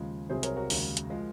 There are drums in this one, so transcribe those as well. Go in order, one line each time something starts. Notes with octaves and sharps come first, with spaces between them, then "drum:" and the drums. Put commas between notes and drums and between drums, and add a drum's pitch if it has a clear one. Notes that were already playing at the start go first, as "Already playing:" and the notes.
Already playing: D#2 C#3 F3 G#3
C2 C3 F#3 G#4 C5
A#4 C#5, drum: hi-hat
F#4 A#4
D#2 C#3 G#3, drum: open hi-hat
drum: hi-hat
F3 G#3